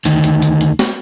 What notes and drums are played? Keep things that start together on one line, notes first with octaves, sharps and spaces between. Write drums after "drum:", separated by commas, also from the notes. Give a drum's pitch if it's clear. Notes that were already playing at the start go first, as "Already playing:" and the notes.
D2 D#3, drum: hi-hat
drum: hi-hat
drum: hi-hat
drum: hi-hat
drum: snare